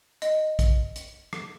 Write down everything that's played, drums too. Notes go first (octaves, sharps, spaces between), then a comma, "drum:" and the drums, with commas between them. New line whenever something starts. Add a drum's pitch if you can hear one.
D#5, drum: hi-hat
drum: kick, hi-hat
drum: hi-hat
drum: rim click